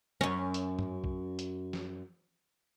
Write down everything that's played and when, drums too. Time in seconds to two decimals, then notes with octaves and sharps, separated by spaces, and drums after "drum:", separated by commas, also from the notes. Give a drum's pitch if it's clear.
0.21 F#2 C#4, drum: tom
0.54 drum: hi-hat
0.79 drum: tom G2
1.04 drum: kick
1.39 drum: hi-hat
1.73 drum: snare